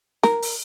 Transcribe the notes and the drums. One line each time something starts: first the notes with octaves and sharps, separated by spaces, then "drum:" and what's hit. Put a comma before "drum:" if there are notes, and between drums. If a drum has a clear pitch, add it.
A#4, drum: snare
drum: open hi-hat